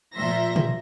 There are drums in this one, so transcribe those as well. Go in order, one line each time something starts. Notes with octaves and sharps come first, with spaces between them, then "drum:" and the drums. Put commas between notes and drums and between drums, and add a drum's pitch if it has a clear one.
A#2 F3 E5 C6 A#6
drum: tom